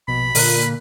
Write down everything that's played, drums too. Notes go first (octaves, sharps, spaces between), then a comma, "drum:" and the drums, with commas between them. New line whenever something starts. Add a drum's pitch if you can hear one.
A#1 B2 B5
A#2 D3 A#4 F#6, drum: open hi-hat